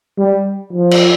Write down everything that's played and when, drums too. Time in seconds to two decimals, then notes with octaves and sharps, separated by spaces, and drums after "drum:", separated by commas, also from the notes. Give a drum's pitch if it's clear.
0.18 G3
0.73 F3
0.91 drum: cymbal